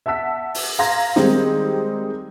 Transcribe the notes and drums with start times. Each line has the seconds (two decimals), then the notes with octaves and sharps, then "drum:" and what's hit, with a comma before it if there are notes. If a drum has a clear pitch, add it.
0.06 E5 F#5 A5 E6 B6
0.54 drum: open hi-hat
0.79 F5 A#5 C6 G#6 A#6
1.16 D#3 G3 G#3 C4 D#4, drum: snare